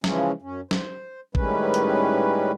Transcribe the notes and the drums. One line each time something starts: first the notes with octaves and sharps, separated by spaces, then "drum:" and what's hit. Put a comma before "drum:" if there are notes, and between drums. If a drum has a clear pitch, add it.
C#3 E3 F3 G#3 C#4, drum: snare
F#2 C#4
C5, drum: snare
A2 D#3 G3 G#3 C#4 B4, drum: kick A1
drum: hi-hat